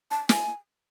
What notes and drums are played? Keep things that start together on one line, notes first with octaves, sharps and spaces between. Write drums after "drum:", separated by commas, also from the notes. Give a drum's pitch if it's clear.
A5
G#5, drum: snare